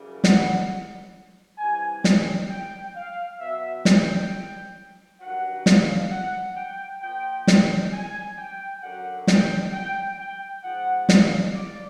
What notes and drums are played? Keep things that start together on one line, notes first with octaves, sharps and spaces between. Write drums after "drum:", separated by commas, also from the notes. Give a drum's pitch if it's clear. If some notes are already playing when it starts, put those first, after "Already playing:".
Already playing: F#2 C#3 E3 G3
F#5, drum: snare
C3 E3 G3 G#5
G5, drum: snare
G5
F5
B2 F#3 E5
G5, drum: snare
G2 D#3 F#3 F#5
F5, drum: snare
F#5
G5
A#2 F3 G5
G5, drum: snare
G#5
G5
F#2 D3 F#3 F#5
G5, drum: snare
G5
G5
G#2 F3 F#5
F5, drum: snare
D5